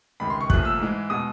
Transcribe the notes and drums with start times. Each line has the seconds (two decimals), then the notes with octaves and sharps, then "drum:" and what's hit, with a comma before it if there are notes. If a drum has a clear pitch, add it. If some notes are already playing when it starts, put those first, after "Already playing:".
0.20 C#2 C3 D#3 B5
0.30 C6
0.41 C#6
0.50 C2 A#2 F3 A3 F#6, drum: kick
0.65 E6
0.80 G#2 E3 G#3
1.10 B2 G#3 D#6